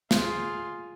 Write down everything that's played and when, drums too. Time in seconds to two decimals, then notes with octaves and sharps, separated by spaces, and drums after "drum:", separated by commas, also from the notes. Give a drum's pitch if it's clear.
0.11 F4 G#4, drum: snare